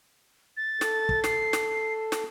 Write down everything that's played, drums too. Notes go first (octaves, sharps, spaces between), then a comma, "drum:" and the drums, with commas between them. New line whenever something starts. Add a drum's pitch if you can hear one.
A6
A4, drum: snare
drum: kick
C7, drum: snare
drum: snare
drum: snare